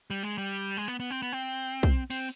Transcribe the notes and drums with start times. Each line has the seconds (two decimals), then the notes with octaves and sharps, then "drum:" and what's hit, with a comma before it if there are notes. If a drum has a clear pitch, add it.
0.10 G3
0.23 G#3
0.38 G3
0.77 G#3
0.88 B3
1.00 B3
1.11 C4
1.22 B3
1.33 C4
1.83 drum: kick
2.10 C4, drum: cymbal